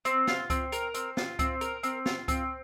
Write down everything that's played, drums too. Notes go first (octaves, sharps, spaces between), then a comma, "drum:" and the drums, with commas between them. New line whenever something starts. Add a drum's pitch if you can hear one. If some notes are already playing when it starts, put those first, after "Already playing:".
C4, drum: hi-hat
F4, drum: snare
C4, drum: kick C#2, hi-hat
A#4, drum: hi-hat
C4, drum: hi-hat
F4, drum: snare
C4, drum: kick C#2, hi-hat
A#4, drum: hi-hat
C4, drum: hi-hat
F4, drum: snare
C4, drum: kick C#2, hi-hat